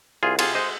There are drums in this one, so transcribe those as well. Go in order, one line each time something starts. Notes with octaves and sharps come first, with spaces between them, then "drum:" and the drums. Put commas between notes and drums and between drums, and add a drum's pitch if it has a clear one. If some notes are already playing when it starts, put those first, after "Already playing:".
C2 F4 G#4
C3 F4 G#4, drum: cymbal
G#3 C5 D#5